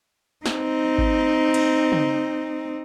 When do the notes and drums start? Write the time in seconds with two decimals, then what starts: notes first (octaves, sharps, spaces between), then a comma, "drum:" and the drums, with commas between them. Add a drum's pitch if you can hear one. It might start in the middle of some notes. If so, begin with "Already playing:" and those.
0.46 C4 D#4, drum: snare
0.98 drum: kick G#1
1.54 drum: cymbal
1.92 drum: tom C#3